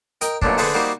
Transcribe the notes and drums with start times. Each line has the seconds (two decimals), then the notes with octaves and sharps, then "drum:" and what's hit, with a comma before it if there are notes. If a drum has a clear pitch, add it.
0.21 A#4 D#5 G5, drum: hi-hat
0.42 B1 A#2 A3 C#4 D4, drum: kick
0.58 D3 A3 G#4 B4 C5, drum: open hi-hat
0.74 G3 A#3 D#4 F#4 C5